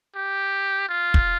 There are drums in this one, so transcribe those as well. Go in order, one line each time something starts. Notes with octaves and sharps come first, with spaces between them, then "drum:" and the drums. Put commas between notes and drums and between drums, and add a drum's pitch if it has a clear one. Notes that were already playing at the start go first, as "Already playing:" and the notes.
G4
F4
drum: kick